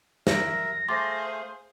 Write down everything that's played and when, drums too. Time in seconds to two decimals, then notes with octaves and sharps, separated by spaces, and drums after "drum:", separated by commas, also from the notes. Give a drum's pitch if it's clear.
0.27 A#4 E5 A#6, drum: snare
0.88 A3 G#4 C5 F5 C6 D6 A6